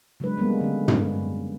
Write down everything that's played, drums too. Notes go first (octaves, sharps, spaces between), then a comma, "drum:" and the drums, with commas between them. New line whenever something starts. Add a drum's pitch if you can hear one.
C#3 F#3 G#3 D4 B4
G3 G#3 A#3 B3
D3 C#4
drum: tom